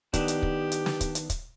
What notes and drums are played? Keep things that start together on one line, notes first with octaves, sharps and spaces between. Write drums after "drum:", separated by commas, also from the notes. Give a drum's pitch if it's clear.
D#3 B3 D4 G4, drum: kick, hi-hat
drum: hi-hat
drum: kick
drum: hi-hat
drum: snare
drum: kick, hi-hat
drum: hi-hat
drum: kick, hi-hat